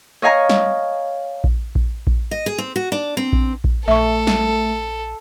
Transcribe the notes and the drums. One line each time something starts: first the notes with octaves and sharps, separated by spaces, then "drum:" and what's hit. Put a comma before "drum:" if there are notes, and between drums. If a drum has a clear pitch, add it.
C#5 D#5 F5 G#5 A#5
drum: snare
drum: kick A#1
drum: kick A#1
drum: kick A#1
D#5
G#4
C4
F#4
D4
C4
drum: kick A#1
drum: kick A#1
A#1 A3 A4 E5 C#6
drum: snare